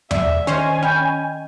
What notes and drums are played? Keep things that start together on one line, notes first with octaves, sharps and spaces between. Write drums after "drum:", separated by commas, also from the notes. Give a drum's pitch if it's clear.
D5 E5, drum: tom E2
D#3 C#4 C5 D#5 G#5
C#4 G5 B5 G6